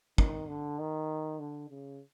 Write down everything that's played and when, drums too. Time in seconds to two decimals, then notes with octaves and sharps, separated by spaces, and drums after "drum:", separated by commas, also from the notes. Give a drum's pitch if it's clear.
0.18 D#3, drum: kick
0.48 D3
0.79 D#3
1.39 D3
1.70 C#3